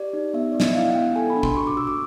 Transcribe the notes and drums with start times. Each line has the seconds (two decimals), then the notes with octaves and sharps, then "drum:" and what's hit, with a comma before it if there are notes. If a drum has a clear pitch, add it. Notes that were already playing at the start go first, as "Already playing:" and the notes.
Already playing: G4 D5
0.13 D#4
0.33 B3 E5
0.52 B3 D5
0.60 D#5, drum: snare
0.67 E5
0.75 E4 F5
0.89 F#5
0.95 B3 G5
1.16 A4 G#5
1.30 B5
1.36 D4
1.43 C6, drum: kick
1.57 F#4 C#6
1.67 D6
1.77 F#4 E6
1.87 D6